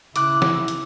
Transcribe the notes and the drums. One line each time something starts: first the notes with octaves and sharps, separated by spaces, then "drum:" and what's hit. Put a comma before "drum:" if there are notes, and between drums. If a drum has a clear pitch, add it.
C#3 E4 D6 F#6, drum: hi-hat
drum: snare
drum: hi-hat